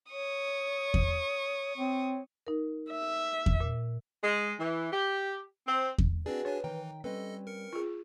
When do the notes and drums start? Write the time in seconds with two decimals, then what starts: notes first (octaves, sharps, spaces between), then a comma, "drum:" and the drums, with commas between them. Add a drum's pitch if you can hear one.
0.11 C#5 C#6 D#6
0.94 drum: kick E2
1.78 C4 C#5
2.47 D#4 A#4
2.90 E5
3.46 drum: kick E2
3.60 A#2
4.23 G#3
4.59 E3
4.92 G4
5.67 C4
5.98 drum: kick E2
6.26 C4 D4 F#4 G#4 B4 D5
6.45 D4 C#5 G#5
6.64 D#3 E3 G5 A#5
7.04 G3 C4 C#4 A4 B4 D#5
7.47 A#4 C#7
7.73 F4 G#4